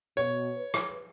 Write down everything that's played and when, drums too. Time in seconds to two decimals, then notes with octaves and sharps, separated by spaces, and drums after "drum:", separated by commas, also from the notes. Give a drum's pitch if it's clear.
0.17 B2 C#5
0.56 B4
0.74 drum: rim click